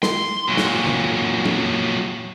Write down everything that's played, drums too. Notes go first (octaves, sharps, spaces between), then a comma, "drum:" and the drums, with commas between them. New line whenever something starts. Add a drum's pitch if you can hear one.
C6, drum: snare
A#2 F#3
drum: snare
drum: tom C#3
drum: tom